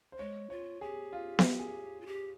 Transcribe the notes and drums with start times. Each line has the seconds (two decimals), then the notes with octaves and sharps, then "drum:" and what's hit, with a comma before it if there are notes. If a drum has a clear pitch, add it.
0.12 C5
0.19 G#3 C#5
0.50 F4 C#5
0.81 G4 G#4
1.13 F4
1.39 drum: snare B3
1.59 G#4
2.01 F4
2.07 G4